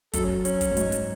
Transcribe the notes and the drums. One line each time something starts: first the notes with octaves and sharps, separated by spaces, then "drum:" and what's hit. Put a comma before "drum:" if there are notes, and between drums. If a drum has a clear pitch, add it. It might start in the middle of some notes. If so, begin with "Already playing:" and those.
F#2 A4, drum: kick, hi-hat
C#4
C#4, drum: hi-hat
drum: kick, hi-hat
F#2
G#2, drum: hi-hat
drum: hi-hat